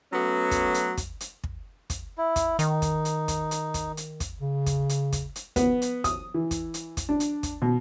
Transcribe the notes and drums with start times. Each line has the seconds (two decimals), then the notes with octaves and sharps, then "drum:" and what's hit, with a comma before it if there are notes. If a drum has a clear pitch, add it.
0.13 F#3 A3 B3 C#4 F#4
0.51 drum: kick, hi-hat
0.74 drum: hi-hat
0.97 drum: kick, hi-hat
1.20 drum: hi-hat
1.44 drum: kick
1.90 drum: kick, hi-hat
2.18 E4
2.36 drum: kick, hi-hat
2.59 D#3 D#4, drum: hi-hat
2.82 drum: kick, hi-hat
3.05 drum: hi-hat
3.28 drum: kick, hi-hat
3.51 drum: hi-hat
3.74 drum: kick, hi-hat
3.97 drum: hi-hat
4.20 drum: kick, hi-hat
4.41 C#3
4.66 drum: kick, hi-hat
4.89 drum: hi-hat
5.12 drum: kick, hi-hat
5.36 drum: hi-hat
5.56 B3, drum: kick, hi-hat
5.82 drum: hi-hat
6.04 D#6, drum: kick, hi-hat
6.34 E3
6.51 drum: kick, hi-hat
6.74 drum: hi-hat
6.97 drum: kick, hi-hat
7.09 D4
7.20 drum: hi-hat
7.43 drum: kick, hi-hat
7.62 B2